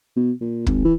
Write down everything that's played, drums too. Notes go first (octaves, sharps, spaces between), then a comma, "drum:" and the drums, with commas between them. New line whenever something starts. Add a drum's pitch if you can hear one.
B2
A#2
G#1, drum: kick
E3